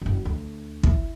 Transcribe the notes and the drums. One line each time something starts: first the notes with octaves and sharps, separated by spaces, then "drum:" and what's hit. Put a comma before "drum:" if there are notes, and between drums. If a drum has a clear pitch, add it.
F#1 C#3
D2
E4, drum: kick